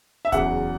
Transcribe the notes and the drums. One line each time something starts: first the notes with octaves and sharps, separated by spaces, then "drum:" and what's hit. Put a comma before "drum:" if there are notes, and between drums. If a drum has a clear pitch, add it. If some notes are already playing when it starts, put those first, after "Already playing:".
E5
E2 C#3 F#3 F#5, drum: kick D1, hi-hat